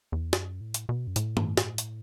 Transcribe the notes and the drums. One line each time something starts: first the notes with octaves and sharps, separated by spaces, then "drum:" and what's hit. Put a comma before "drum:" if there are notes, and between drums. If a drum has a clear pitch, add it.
E2
F#2, drum: snare
A2
drum: hi-hat
B2
F#2
A2, drum: hi-hat
drum: tom
drum: snare
drum: hi-hat